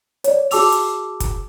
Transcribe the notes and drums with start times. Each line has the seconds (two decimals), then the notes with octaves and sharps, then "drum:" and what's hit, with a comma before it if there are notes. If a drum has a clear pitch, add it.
0.24 C#5 D5, drum: hi-hat
0.51 F#4 G#4 A5 D6 E6 F7, drum: open hi-hat
0.72 drum: hi-hat
1.20 drum: kick, hi-hat